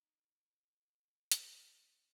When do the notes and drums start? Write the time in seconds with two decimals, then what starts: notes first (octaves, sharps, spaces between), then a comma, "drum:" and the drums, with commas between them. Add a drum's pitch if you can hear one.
0.01 D#4
1.31 drum: hi-hat
1.42 C#4